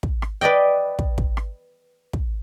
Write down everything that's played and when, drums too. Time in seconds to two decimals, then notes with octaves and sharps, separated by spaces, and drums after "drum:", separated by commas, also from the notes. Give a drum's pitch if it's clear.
0.03 drum: kick
0.22 drum: rim click
0.41 B4 D5 D#5 G5
0.99 drum: kick
1.18 drum: kick
1.37 drum: rim click
2.13 drum: kick